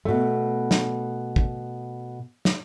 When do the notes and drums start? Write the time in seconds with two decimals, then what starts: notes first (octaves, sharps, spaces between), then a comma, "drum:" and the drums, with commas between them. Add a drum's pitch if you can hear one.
0.05 B2 A3
0.71 drum: snare
1.36 drum: kick
2.45 drum: snare